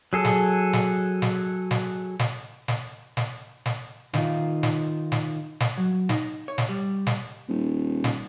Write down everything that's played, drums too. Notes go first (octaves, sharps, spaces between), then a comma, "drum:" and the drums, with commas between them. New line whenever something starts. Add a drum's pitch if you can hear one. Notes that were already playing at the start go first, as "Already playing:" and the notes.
F#3 G#4 A4
drum: snare
drum: snare
drum: snare
drum: snare
drum: snare
drum: snare
drum: snare
drum: snare
D#3 D#4 F4, drum: snare
drum: snare
drum: snare
drum: snare
F#3
D#4, drum: snare
C#5
drum: snare
G3
drum: snare
D#1
drum: snare